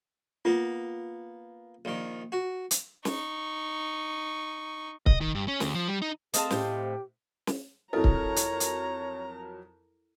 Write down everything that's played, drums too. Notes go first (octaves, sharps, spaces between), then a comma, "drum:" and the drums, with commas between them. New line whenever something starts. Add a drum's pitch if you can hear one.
A#3 B3 F4
A#1 D#3
F#4
drum: hi-hat
D#4 C#6, drum: snare
D#5, drum: kick C#1
D#3
G2
C#4
D2, drum: snare
F3
G3
D#4
C4 G#4 A4 C5 D#5 F5 A5, drum: hi-hat
A2 G4 C5, drum: snare
drum: snare
F2 F#3 E4 A4 A#4 C#5 D#5 A#5
drum: kick C#1
drum: hi-hat
drum: hi-hat